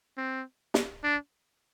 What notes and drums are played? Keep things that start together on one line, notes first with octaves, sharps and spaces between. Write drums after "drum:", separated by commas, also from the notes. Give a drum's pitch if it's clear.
C4
drum: snare
D4